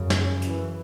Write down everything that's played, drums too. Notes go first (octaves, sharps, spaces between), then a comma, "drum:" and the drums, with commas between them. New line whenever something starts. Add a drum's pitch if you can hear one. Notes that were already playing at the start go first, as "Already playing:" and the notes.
Already playing: F#2 C#3
drum: snare
E3, drum: hi-hat